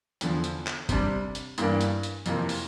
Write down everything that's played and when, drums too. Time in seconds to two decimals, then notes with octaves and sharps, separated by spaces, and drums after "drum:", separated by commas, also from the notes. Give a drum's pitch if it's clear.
0.21 E2 D3 F3, drum: hi-hat
0.44 drum: hi-hat
0.67 drum: clap
0.89 C3 G3 D4, drum: kick, hi-hat
1.35 drum: hi-hat
1.58 G2 E3 A#3 D4, drum: hi-hat
1.81 drum: hi-hat
2.03 drum: hi-hat
2.26 F2 C3 E3 A#3, drum: hi-hat
2.49 drum: open hi-hat